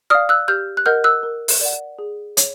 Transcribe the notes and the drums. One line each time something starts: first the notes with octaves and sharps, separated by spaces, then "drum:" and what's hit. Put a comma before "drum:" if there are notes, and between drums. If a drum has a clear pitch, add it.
D5 F5 D#6 F6
E6 F#6
G4 F6 G6
F#6
A#4 D#5 F#5 F6 G6
E6 F#6
A#4
drum: open hi-hat
D5 F#5
G#4
C#5, drum: hi-hat